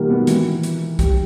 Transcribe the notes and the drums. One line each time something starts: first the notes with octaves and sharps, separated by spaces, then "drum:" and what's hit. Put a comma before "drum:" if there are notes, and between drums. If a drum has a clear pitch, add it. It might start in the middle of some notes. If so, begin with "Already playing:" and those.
Already playing: B2 D#3 G3 A#3
B3
E3, drum: hi-hat
drum: hi-hat
G3, drum: kick B1, hi-hat